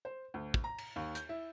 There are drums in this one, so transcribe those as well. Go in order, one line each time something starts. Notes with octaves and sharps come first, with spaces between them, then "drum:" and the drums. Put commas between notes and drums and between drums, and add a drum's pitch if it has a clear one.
C5
D2
drum: kick
A#5
drum: cymbal
D#2
G6, drum: hi-hat
E4